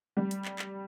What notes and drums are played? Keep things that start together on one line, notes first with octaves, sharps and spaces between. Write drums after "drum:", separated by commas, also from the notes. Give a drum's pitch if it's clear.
G3
drum: hi-hat
drum: clap
drum: clap